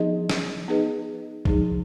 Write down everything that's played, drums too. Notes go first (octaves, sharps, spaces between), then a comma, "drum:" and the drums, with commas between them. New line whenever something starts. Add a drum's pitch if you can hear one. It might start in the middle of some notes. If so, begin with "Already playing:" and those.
Already playing: F3 B3 D#4 G#4 D#5
drum: snare
B3 D#4 G#4 B4 D#5
F3 G#3 D#4 G#4, drum: kick